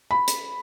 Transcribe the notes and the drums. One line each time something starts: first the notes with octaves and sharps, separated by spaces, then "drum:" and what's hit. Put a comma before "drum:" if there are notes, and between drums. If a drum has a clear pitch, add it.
B5
drum: hi-hat